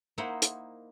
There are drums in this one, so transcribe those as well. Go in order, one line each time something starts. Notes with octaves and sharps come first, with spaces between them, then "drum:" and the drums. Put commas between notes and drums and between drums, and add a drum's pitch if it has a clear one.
A#3 D#4 E4 C5 E5 F#5
drum: hi-hat